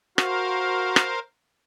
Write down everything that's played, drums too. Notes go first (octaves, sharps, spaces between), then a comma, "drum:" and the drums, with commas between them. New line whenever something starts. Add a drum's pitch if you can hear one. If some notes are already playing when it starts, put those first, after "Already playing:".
F#4 A#4 C5 F5, drum: rim click
drum: rim click